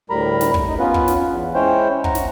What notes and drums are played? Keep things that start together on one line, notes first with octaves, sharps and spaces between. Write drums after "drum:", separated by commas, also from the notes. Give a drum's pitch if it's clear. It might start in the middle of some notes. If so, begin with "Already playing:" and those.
D2 A2 G3 A#4 A#5 B5
drum: snare
drum: kick
D#4
B3 C#4 F4 B4
drum: kick
drum: snare
E2
G#3 C#4 E4 C5 C#5 G5
F#5 A#5, drum: kick
drum: snare